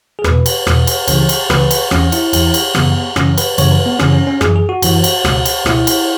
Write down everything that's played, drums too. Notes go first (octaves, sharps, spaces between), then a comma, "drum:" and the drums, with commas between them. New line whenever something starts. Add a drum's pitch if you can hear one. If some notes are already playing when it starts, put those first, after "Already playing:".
G#4
E2 B4, drum: rim click
B2
drum: cymbal
E2 B2, drum: rim click
drum: cymbal
C#2 C#3 E3, drum: cymbal
drum: cymbal
C#2 C#3 E3 B4, drum: rim click
drum: cymbal
E2 E3 C#4, drum: rim click
E4, drum: cymbal
E2 E3, drum: cymbal
drum: cymbal
F#2 C#3 E3 B3, drum: rim click
F#2 C#3 E3 C#4, drum: rim click
B4, drum: cymbal
F#2 C#3 E3 C#5, drum: cymbal
B4
B3
F#2 C#3 E3 C#4, drum: rim click
C#4
C#4
F#2 E3 G#4, drum: rim click
G#4
F#4
F#2 E3, drum: cymbal
drum: cymbal
C#2 B2, drum: rim click
drum: cymbal
C#2 B2 E4, drum: rim click
drum: cymbal